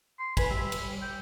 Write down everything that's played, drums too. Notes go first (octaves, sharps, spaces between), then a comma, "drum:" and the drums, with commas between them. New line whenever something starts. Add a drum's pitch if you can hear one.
C6
B4 G#5 B5, drum: kick, cymbal
G3 E5
drum: cymbal
G5